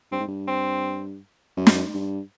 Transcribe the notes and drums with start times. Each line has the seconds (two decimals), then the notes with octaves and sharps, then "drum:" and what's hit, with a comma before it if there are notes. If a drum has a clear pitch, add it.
0.12 G2 C4
0.20 G#2
0.28 G2
0.48 C4
1.57 F#2
1.67 drum: snare
1.94 G2